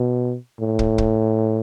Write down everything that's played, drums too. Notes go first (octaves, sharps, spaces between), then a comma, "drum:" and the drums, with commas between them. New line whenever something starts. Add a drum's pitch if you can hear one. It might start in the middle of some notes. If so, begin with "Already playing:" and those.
Already playing: B2
A2
drum: kick
drum: kick